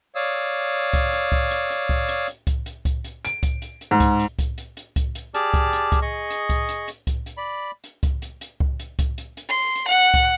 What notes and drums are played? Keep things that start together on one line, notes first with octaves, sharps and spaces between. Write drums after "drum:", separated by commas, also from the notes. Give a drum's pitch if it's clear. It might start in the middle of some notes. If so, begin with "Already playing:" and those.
C#5 D5 F5 D#6 E6
drum: kick C2, hi-hat
drum: hi-hat
drum: kick C2
drum: hi-hat
drum: hi-hat
drum: kick C2
drum: hi-hat
drum: hi-hat
drum: kick C2, hi-hat
drum: hi-hat
drum: kick C2, hi-hat
drum: hi-hat
D7, drum: hi-hat
drum: kick C2, hi-hat
drum: hi-hat
drum: hi-hat
G#2
drum: kick C2, hi-hat
drum: hi-hat
drum: kick C2, hi-hat
drum: hi-hat
drum: hi-hat
drum: kick C2, hi-hat
drum: hi-hat
G4 G#4 D5 A5 F6, drum: hi-hat
drum: kick C2, hi-hat
drum: hi-hat
drum: kick C2, hi-hat
G#4 D#5 C#6
drum: hi-hat
drum: kick C2, hi-hat
drum: hi-hat
drum: hi-hat
drum: kick C2, hi-hat
drum: hi-hat
D5 B5
drum: hi-hat
drum: kick C2, hi-hat
drum: hi-hat
drum: hi-hat
drum: kick C2
drum: hi-hat
drum: kick C2, hi-hat
drum: hi-hat
drum: hi-hat
C6
drum: hi-hat
F#5
drum: kick C2, hi-hat